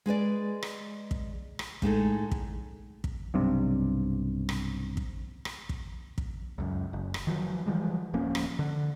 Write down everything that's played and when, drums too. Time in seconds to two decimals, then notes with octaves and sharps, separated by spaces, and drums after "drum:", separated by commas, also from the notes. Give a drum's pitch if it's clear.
0.06 G#3 G#4 B4 D5
0.63 drum: rim click
1.11 drum: kick
1.59 drum: rim click
1.82 A2 G#3 D#4 A4, drum: kick
2.31 drum: kick
3.04 drum: kick
3.34 B1 G2 C3
4.49 drum: rim click
4.97 drum: kick
5.45 drum: rim click
5.69 drum: kick
6.18 drum: kick
6.58 C#2 F#2
6.93 F#1
7.14 drum: rim click
7.27 D#3 F3 F#3
7.66 E3 F3 G3 G#3
8.14 D1 F3 A#3 C#4
8.35 drum: rim click
8.59 D3